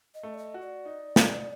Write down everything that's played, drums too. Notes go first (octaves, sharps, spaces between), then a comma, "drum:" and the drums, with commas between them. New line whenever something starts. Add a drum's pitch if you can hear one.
D#5
A3
D5
D#5
F#4
D5
D#4
D#4, drum: snare